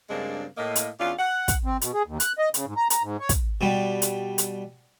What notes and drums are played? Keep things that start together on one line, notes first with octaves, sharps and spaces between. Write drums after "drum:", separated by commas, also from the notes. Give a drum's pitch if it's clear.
G2 C#3 G#3 A#3 C4 D4
A2 A#3 D#5
drum: hi-hat
E2 C#4 D4 F4
F#5
drum: kick, hi-hat
C4
B2, drum: hi-hat
G#4
D#2
F#6, drum: hi-hat
D#5
C#3, drum: hi-hat
G#2
A#5
A#5, drum: hi-hat
G#2
C#5
drum: kick, hi-hat
B2 G3
drum: hi-hat
drum: hi-hat